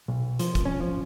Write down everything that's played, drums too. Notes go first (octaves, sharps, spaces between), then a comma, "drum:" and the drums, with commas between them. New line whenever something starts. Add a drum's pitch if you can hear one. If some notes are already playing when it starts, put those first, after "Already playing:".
B1
F3, drum: hi-hat
drum: kick, hi-hat
C#4
F3